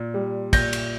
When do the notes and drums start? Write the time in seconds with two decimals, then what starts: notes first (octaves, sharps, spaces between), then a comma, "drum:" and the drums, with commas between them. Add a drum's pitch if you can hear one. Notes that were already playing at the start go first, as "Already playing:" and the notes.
Already playing: A#2
0.14 G3
0.53 A#2 G6 A#6, drum: kick, cymbal
0.73 drum: cymbal